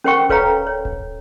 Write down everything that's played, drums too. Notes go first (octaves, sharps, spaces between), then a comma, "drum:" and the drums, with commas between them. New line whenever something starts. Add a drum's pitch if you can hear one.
C#4 A#4 C5 F#5 G5 C#6
A4 B4 C#5 F5 G5 A#5, drum: kick D1
C#5
drum: kick D1